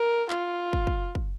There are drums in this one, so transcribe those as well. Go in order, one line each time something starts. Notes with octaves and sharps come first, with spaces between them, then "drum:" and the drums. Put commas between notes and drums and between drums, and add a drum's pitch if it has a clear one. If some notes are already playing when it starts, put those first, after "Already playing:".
Already playing: A#4
F4, drum: clap
drum: kick
drum: kick
drum: kick